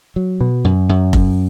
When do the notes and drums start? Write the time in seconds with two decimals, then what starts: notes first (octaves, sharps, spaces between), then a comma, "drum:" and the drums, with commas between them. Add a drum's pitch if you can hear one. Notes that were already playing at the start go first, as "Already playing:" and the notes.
0.16 F#3
0.41 B2
0.64 F#2
0.89 F#2
1.13 F#2, drum: kick F1